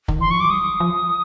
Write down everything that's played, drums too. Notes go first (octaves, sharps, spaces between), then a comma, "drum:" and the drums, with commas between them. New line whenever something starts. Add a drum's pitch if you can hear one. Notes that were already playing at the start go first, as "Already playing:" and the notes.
D#3, drum: kick
E3 C6
F3 C#6
F#3 D6
G3 D#6
F3